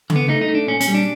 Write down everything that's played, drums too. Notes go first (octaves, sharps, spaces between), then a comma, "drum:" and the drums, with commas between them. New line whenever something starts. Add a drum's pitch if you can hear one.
D3, drum: tom C#3
B3
A3 D#4
D#4
A3
D4
A#2 C#4
C#4, drum: hi-hat
G3
D4